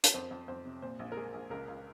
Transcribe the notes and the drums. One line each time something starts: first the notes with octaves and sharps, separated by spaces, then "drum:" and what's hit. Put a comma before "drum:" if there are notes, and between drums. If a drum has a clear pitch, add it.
C#5, drum: hi-hat
F2 C5
F2
F2 C5
C3
A#2 C5
A#1
A#4
G#3 G#4
A#1
C#2 A#4
C#2